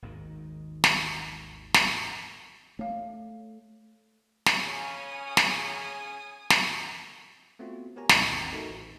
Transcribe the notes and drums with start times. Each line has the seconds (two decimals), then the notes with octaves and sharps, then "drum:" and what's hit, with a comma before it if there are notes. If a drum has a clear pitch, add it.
0.02 G#1 D#2 G#2 D#3
0.84 drum: snare
1.74 drum: snare
2.79 A3 C#5 F5
4.46 drum: snare
4.56 C#3 C#4 C#5 G#5 D#6
5.37 drum: snare
6.50 drum: snare
7.59 A3 B3 C4 F4 F#4
7.96 B3 G4 A#4 C#5 G#5 A#5
8.09 D2 G#2 B2 D#5 G#6, drum: snare
8.32 G#1 D#2 C4 G5 A6
8.52 A3 D#4 F#4 A4 A#4
8.69 A1